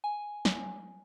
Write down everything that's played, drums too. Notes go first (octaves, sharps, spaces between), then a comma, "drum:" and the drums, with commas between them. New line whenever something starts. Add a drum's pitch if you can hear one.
G#5
drum: snare